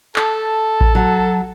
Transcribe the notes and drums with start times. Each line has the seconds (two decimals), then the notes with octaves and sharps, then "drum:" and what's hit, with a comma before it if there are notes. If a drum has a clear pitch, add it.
0.16 A4 A5, drum: clap
0.81 drum: kick A1
0.95 F#3 A5